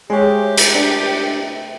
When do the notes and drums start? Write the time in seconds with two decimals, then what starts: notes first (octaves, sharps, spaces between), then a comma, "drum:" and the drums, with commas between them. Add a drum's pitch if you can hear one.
0.10 G#3 A3 C4 G4 G#4 C#5
0.58 drum: hi-hat
0.75 C3 D4 B4